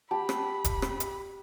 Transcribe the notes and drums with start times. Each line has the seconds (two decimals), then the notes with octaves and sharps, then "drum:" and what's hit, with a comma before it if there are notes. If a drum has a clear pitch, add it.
0.11 G4 A5 B5
0.29 drum: rim click
0.64 drum: kick D#1, hi-hat
0.82 drum: rim click
1.00 drum: hi-hat